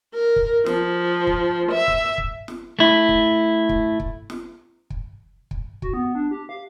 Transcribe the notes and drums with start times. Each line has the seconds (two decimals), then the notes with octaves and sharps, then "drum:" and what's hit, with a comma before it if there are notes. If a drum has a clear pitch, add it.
0.15 A#4
0.36 drum: kick
0.66 F3, drum: snare
1.27 drum: kick
1.72 E5
1.88 drum: kick
2.18 drum: kick
2.48 drum: snare
2.79 A3 E4
3.09 drum: kick
3.69 drum: kick
4.00 drum: kick
4.30 drum: snare
4.90 drum: kick
5.51 drum: kick
5.82 F#4, drum: kick
5.93 B3
6.15 D4
6.31 G4
6.49 F5